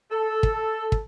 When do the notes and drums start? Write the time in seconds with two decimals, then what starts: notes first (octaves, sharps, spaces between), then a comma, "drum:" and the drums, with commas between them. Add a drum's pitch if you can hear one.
0.11 A4
0.43 drum: kick
0.92 drum: kick